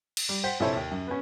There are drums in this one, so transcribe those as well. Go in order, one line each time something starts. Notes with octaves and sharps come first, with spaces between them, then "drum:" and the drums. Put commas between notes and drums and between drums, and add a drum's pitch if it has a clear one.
drum: cymbal
G3
C5 F#5 G5 B6
A#1 C3 E4 A4 C5 C#5
D#2
F#2
B3 C#4